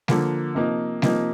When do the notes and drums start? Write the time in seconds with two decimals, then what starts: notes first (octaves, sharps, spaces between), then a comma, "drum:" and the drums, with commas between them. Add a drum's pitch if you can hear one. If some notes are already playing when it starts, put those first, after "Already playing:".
0.08 D3 F3 A#3, drum: snare G3
0.55 C3 F3 A#3 D#4
1.02 C3 F3 A#3 D#4, drum: snare G3